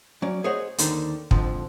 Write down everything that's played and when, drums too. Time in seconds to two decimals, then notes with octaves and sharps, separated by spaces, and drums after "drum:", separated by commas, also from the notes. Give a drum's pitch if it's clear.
0.22 F#3 C#4 D5
0.44 G#4 C5 C#5 D#5 F#5
0.78 D#2 D3 D#3 C5, drum: hi-hat
1.31 F2 G#2 D3 F3, drum: kick